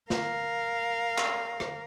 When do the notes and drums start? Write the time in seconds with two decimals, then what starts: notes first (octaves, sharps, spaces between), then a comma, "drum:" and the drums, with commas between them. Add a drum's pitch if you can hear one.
0.10 A#4 F5, drum: snare
1.18 drum: clap
1.60 drum: rim click